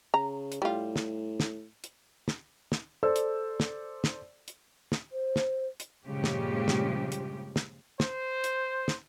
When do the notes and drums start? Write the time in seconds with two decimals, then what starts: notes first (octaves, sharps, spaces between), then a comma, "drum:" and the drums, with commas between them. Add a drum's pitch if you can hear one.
0.14 C#3 A#5
0.52 drum: hi-hat
0.62 A2 G3 F4
0.96 drum: snare
1.40 drum: snare
1.84 drum: hi-hat
2.28 drum: snare
2.72 drum: snare
3.03 A4 C5 D5 E6
3.16 drum: hi-hat
3.60 drum: snare
4.04 drum: snare
4.48 drum: hi-hat
4.92 drum: snare
5.12 C5
5.36 drum: snare
5.80 drum: hi-hat
6.05 G2 A#2 C#3 F3 G#3 G4
6.24 drum: snare
6.68 drum: snare
7.12 drum: hi-hat
7.56 drum: snare
8.00 C5, drum: snare
8.44 drum: hi-hat
8.88 drum: snare